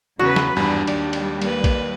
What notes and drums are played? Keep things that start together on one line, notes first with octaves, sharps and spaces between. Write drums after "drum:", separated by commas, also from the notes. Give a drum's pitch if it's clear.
E2 C#3 F#4 B4
drum: snare
G#1 E2 G2 G3 D4
D#2 D5, drum: cymbal
drum: cymbal
A#3 B4, drum: cymbal
drum: kick, cymbal